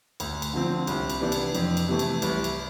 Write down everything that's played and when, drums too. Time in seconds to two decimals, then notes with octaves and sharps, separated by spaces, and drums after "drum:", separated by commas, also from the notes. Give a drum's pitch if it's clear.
0.20 D2, drum: cymbal
0.42 drum: cymbal
0.53 D3 F3 C4
0.87 C2, drum: cymbal
1.10 drum: cymbal
1.20 C3 E3 B3 D4
1.32 drum: cymbal
1.55 F2, drum: cymbal
1.77 drum: cymbal
1.88 C3 E3 A3
1.99 drum: cymbal
2.22 C2, drum: cymbal
2.44 drum: cymbal